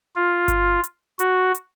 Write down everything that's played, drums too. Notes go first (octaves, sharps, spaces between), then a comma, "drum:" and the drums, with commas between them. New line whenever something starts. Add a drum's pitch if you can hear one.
F4
drum: kick G1, hi-hat
drum: hi-hat
F#4, drum: hi-hat
drum: hi-hat